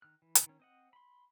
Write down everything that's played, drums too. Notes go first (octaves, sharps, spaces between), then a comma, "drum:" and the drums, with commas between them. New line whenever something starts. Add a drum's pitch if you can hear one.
D#3 F6 F#6
E3
drum: hi-hat
D#3 C#4
C4 D#5 F#5
B5 C6